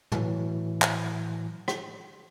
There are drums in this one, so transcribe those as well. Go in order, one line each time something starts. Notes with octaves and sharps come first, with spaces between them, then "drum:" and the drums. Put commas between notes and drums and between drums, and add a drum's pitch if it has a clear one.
A2 E3 F#3, drum: tom
drum: clap
drum: rim click